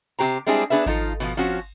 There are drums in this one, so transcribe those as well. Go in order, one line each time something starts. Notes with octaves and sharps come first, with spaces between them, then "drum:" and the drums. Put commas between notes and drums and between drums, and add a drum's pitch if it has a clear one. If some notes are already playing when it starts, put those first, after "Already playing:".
C3 G#3 G4 C5 A#5
G3 G#3 C4 D4 E4 G#4
B3 D4 G#4 B4 E5
F3 D#4 F4 A4, drum: kick G#1
B2 E3 F3, drum: cymbal
F3 C4 C#4 F#4